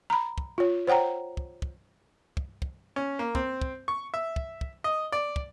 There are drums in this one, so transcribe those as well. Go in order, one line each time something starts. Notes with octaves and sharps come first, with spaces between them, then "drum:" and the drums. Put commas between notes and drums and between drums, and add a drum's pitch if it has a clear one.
A#5 B5
drum: kick
F4 C#5
C5 C#5 F#5 G5 A#5
drum: kick
drum: kick
drum: kick
drum: kick
C#4
A#3
C4, drum: kick
drum: kick
C#6
E5
drum: kick
drum: kick
D#5
D5
drum: kick